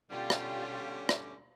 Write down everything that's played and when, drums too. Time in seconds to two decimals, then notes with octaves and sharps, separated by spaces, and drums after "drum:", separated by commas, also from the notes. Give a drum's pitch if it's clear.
0.10 B2 D3 G3 C#4 F4 G4
0.30 drum: rim click
1.09 drum: rim click